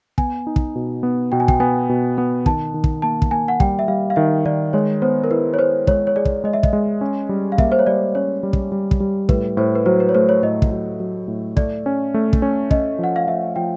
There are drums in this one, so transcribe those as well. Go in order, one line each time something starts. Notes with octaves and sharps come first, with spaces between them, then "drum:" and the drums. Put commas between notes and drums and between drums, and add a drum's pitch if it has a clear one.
B3 G#5, drum: kick
D#4
drum: kick
B2
B3
B2 G5
G#5
G5, drum: kick
B3 G#5
B2
B3
D#3 A5, drum: kick
D#3
drum: kick
A#3 A5
drum: kick
A#3 G#5
F#5
G3 G5, drum: kick
E5
G3 F5
F5
D#3 E5
D#3 D5
G#3 C#5
B3 C5
A#4
E4 B4
C#5
E4 C5
G#3 C#5, drum: kick
C#5
G#4 D5
drum: kick
G#3 D#5
E5
D#5, drum: kick
G#3
C#4
G3
F5
A#3 E5, drum: kick
C5
C#5
G3 D5
C#4 C#5
G3
drum: kick
G3
drum: kick
G3
A2 B4, drum: kick
A2 C5
B4
F#3 C5
B4
C#5
A3 C5
C#5
A2 D#5
drum: kick
F#3
F#3
A2
A3 D5, drum: kick
C#4
A3
drum: kick
C#4
C#4 D#5, drum: kick
F3 F#5
F5
F3 E5
F3 G5